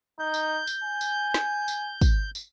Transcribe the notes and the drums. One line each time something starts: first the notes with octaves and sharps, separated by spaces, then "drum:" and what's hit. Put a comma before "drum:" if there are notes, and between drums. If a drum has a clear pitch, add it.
D#4 G6
drum: tambourine
drum: tambourine
G#5
drum: tambourine
drum: snare
drum: tambourine
drum: kick, tambourine
drum: tambourine